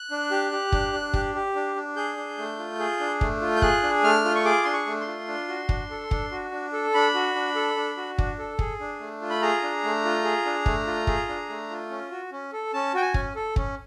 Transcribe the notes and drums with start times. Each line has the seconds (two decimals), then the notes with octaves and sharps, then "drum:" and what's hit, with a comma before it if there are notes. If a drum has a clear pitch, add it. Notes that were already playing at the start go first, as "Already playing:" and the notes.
Already playing: F#6
0.11 D4
0.31 G4
0.52 G4
0.72 D4, drum: kick
0.93 D4
1.14 G4, drum: kick
1.35 G4
1.56 D4
1.76 D4
1.96 G#4 G6
2.17 D4
2.38 A3
2.59 F4
2.79 G#4
3.00 D4
3.21 A3, drum: kick
3.41 F4
3.56 G6
3.62 G#4 F#6, drum: kick
3.83 D4
4.03 A3 F6
4.25 F4
4.35 C#6
4.45 G#4 D6
4.64 D4 C6
4.73 C#6
4.87 A3
5.01 C6
5.08 F4
5.28 D4
5.49 F#4
5.69 D4, drum: kick
5.90 A4
6.11 D4, drum: kick
6.31 F#4
6.52 D4
6.73 A4
6.94 D4 B5
7.14 F#4
7.35 D4
7.55 A4
7.77 D4
7.97 F#4
8.18 D4, drum: kick
8.38 A4
8.59 G#4, drum: kick
8.80 D4
9.00 A3
9.22 F4
9.30 B5
9.42 G#4 A#5
9.63 D4
9.84 A3
10.05 F4
10.25 G#4
10.45 D4
10.66 A3, drum: kick
10.87 F4
11.07 G#4, drum: kick
11.29 D4
11.49 A3
11.70 F4
11.90 C#4
12.11 F#4
12.32 C#4
12.53 A4
12.73 C#4 A5
12.94 F#4 G5
13.01 G#5
13.14 C#4, drum: kick
13.36 A4
13.56 C#4, drum: kick